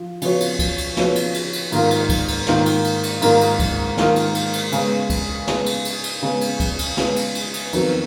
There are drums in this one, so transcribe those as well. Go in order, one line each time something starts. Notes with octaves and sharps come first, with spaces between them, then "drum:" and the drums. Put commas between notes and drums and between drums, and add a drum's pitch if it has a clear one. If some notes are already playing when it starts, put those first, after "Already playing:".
Already playing: F3
C#3 F3 B3 F#4 C#5, drum: cymbal
drum: cymbal
drum: kick C#2, cymbal
drum: cymbal
C#3 F3 B3 F#4 C#5, drum: snare
drum: cymbal
drum: cymbal
drum: cymbal
G#2 D#3 A#3 F4 A#4, drum: cymbal
drum: cymbal
drum: kick C#2, cymbal
drum: cymbal
G#2 D#3 A#3 F4 A#4, drum: snare
drum: cymbal
drum: cymbal
drum: cymbal
G#2 D#3 A#3 F4 A#4, drum: cymbal
drum: cymbal
drum: kick C#2, cymbal
G#2 D#3 A#3 F4 A#4, drum: snare
drum: cymbal
drum: cymbal
drum: cymbal
C#3 G#3 B3, drum: cymbal
drum: kick C#2, cymbal
C#3 G#3 B3, drum: snare
drum: cymbal
drum: cymbal
drum: cymbal
C#3 G#3 B3
drum: cymbal
drum: kick C#2, cymbal
drum: cymbal
C#3 G#3 B3, drum: snare
drum: cymbal
drum: cymbal
drum: cymbal
F2 D#3 F#3 B3, drum: cymbal